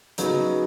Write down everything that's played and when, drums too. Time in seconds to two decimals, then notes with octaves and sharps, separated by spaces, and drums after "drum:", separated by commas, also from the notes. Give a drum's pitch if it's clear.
0.18 C#3 F#3 B3 D#4 G#4, drum: hi-hat